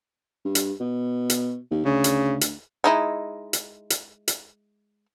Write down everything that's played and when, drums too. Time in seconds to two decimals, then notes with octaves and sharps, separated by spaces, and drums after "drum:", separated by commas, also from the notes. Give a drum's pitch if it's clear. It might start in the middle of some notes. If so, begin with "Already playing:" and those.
0.45 G2
0.55 drum: hi-hat
0.80 B2
1.30 drum: hi-hat
1.71 D#2
1.85 D2 C#3
2.04 drum: hi-hat
2.41 drum: hi-hat
2.84 G#3 D#4 E4
3.53 drum: hi-hat
3.90 drum: hi-hat
4.28 drum: hi-hat